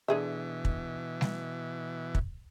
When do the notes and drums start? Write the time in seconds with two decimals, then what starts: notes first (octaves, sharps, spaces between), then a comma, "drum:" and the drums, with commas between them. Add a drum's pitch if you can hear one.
0.08 B2 D3 E3 G#4 E5
0.65 drum: kick
1.21 drum: snare G3
2.15 drum: kick